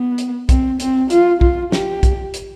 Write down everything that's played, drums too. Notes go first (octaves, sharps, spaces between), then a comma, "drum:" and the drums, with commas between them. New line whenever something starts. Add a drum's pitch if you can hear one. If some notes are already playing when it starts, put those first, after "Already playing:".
Already playing: B3
drum: hi-hat
C4, drum: kick B1, hi-hat
C4, drum: hi-hat
F4, drum: hi-hat
F4, drum: kick B1
G4, drum: snare
drum: kick B1, hi-hat
drum: hi-hat